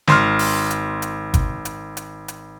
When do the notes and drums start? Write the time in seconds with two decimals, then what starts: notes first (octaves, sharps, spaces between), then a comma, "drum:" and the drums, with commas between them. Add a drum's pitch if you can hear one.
0.07 G#1 C6 F6, drum: snare
0.39 drum: open hi-hat
0.71 drum: hi-hat
1.02 drum: hi-hat
1.34 drum: kick G1, hi-hat
1.65 drum: hi-hat
1.97 drum: hi-hat
2.28 drum: hi-hat